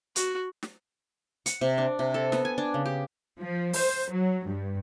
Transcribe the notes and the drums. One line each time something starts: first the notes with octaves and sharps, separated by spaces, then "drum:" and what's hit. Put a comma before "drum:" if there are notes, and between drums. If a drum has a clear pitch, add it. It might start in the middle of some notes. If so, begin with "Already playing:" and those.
F#4, drum: hi-hat
drum: snare
F#5, drum: hi-hat
C3
D4
C3
A4
B3, drum: snare
G#5
D4
C#3
G4
F3
C5, drum: open hi-hat
F#3
G2